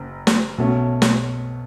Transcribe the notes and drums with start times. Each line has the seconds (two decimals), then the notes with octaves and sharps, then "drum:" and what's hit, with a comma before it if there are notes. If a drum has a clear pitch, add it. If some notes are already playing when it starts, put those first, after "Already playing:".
Already playing: F#1
0.27 drum: snare
0.58 B1 B2 A3 C#4
1.02 drum: snare